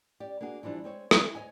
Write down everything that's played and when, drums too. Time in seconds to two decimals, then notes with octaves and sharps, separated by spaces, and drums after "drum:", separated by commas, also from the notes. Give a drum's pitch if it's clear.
0.20 C#4 G4 D5
0.41 A#3 D4 F#4 G#4
0.63 E3 F3 G3 D4
0.84 G#3 C4 C#5
1.11 D#3 E3 E4, drum: rim click
1.35 D2 C#5 D#5 G#5